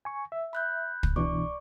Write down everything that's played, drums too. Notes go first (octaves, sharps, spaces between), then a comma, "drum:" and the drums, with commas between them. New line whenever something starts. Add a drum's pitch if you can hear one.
G#5 C#6
E5
B5 F#6 G6
drum: kick
B2 E3 D4 D5 C#6 D6